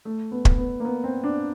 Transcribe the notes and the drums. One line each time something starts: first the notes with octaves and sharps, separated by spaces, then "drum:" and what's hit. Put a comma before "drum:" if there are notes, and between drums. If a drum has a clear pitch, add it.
A3
B3
drum: kick
B3
A#3
B3
C4
D4